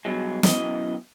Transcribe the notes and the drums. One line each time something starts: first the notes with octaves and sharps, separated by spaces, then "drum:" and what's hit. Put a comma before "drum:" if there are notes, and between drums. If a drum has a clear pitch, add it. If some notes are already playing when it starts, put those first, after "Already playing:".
G2 B2 F#3 G#3
F#2 B2 E3 D#5, drum: snare